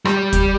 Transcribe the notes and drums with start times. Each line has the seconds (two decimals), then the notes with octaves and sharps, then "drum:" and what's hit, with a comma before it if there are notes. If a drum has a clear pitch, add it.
0.05 G3, drum: rim click
0.33 drum: kick, hi-hat